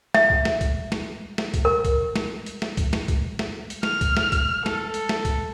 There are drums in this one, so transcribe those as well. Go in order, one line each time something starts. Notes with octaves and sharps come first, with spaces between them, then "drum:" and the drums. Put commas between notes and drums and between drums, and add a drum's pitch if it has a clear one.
E5, drum: snare
drum: kick
drum: snare
drum: kick, hi-hat
drum: snare
drum: snare
drum: kick, hi-hat
A#4
drum: kick, hi-hat
drum: snare
drum: hi-hat
drum: snare
drum: kick, hi-hat
drum: snare
drum: kick, hi-hat
drum: snare
drum: hi-hat
F6, drum: snare
drum: kick, hi-hat
drum: snare
drum: kick, hi-hat
A4, drum: snare
drum: hi-hat
drum: snare
drum: kick, hi-hat